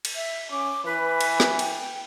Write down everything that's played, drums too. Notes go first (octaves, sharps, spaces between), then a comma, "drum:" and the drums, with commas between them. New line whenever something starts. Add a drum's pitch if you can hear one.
drum: cymbal
E5
C#4 D6
E3 B4
drum: cymbal
drum: snare
G5, drum: cymbal